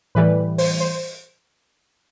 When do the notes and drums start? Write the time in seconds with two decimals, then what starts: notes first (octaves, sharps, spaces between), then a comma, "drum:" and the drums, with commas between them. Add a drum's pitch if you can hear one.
0.15 A2 E3 G3 B4
0.58 C5, drum: open hi-hat
0.80 C5